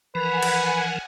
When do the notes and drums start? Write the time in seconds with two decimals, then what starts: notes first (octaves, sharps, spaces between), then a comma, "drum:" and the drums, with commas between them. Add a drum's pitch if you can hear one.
0.15 E3 F3 A#4 B4 F#5 G#5
0.43 drum: cymbal